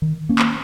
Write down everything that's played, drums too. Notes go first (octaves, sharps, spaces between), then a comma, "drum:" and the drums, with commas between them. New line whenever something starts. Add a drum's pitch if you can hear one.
D#3
A#3 C#4
drum: clap